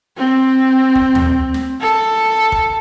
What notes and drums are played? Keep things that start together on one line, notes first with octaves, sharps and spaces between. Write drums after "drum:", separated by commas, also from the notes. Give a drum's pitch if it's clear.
C4
drum: kick
drum: tom
drum: snare
A4
drum: kick